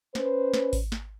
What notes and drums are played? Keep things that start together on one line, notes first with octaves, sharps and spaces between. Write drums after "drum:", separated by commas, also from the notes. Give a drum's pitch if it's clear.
C#4 B4 C5, drum: snare
drum: snare
drum: kick G#1, open hi-hat
drum: snare